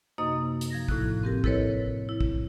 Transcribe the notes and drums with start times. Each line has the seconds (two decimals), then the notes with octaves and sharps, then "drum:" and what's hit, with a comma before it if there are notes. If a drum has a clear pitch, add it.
0.18 F#2 C3 A#3 D#4 D#5 D#6
0.61 drum: hi-hat
0.70 F3 G#6 A#6
0.88 A2 E4 F#6, drum: kick
1.23 C4 G4 A#4
1.44 E4 A4 B4 C#5 D#5, drum: kick
2.09 E4
2.21 drum: kick